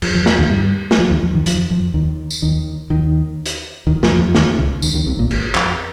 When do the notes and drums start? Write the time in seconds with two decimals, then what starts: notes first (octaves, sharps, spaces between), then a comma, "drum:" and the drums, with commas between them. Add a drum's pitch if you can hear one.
0.02 F2 F3, drum: cymbal
0.15 F2 F3
0.26 F2 F3, drum: snare
0.38 D#2 D#3
0.50 G2 G3
0.91 G3, drum: snare
0.98 F2 F3
1.10 D#2 D#3
1.22 F2 F3
1.34 D#2 D#3
1.46 F2 F3, drum: hi-hat
1.70 F2 F3
1.94 D#2 D#3
2.30 drum: tambourine
2.42 D#2 D#3
2.90 D#2 D#3
3.46 drum: hi-hat
3.87 D#2 D#3
4.03 F2 F3, drum: snare
4.18 F2 F3
4.35 D#2 D#3, drum: snare
4.58 C#2 C#3
4.82 D#2 D#3, drum: tambourine
4.94 D#2 D#3
5.06 C2 C3
5.19 A#1 A#2
5.31 G#1 G#2, drum: cymbal
5.55 F2, drum: clap